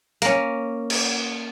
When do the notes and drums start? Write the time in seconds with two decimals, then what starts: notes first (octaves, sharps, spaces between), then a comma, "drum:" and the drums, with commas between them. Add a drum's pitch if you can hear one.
0.22 A#3 C#4, drum: hi-hat
0.90 drum: cymbal